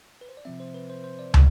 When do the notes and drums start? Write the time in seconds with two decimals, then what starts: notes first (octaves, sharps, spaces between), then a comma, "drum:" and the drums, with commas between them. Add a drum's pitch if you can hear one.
0.21 B4
0.29 C5
0.37 D5
0.45 C3 F3 C4 E5
0.60 C5
0.74 B4
0.90 C5
1.04 C5
1.19 D5
1.34 D3 G3, drum: tom